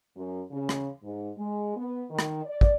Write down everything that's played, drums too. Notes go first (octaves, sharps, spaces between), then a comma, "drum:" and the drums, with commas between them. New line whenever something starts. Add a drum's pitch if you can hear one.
F#2
C#3
drum: rim click
G#2
G#3
B3
D#3
drum: rim click
D5
drum: kick